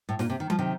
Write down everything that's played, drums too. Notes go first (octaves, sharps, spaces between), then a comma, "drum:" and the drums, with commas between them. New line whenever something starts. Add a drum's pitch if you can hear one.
A2
A#2, drum: snare
C3
D#3
F3, drum: tom F#3
C3 D#3